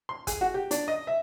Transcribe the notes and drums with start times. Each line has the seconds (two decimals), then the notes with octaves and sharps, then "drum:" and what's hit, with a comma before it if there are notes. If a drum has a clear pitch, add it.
0.09 C6
0.27 G#4, drum: kick, hi-hat
0.41 F#4
0.54 G4
0.71 D4, drum: hi-hat
0.88 D#5
1.07 E5